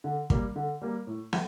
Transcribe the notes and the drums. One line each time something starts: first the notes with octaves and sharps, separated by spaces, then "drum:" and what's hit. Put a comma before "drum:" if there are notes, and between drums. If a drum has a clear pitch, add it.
D3
G3 A#3, drum: kick
D3
G3 A#3
A2
A4, drum: snare